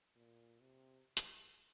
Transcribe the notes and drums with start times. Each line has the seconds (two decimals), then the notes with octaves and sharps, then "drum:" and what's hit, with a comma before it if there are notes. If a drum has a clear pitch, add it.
0.15 A#2
0.61 C3
1.17 drum: hi-hat